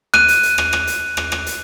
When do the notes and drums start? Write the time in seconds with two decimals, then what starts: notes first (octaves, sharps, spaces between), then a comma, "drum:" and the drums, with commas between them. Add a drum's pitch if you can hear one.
0.14 F#6 D#7, drum: rim click
0.28 drum: hi-hat
0.43 drum: hi-hat
0.58 drum: rim click
0.73 drum: rim click
0.87 drum: hi-hat
1.17 drum: rim click
1.32 drum: rim click
1.46 drum: hi-hat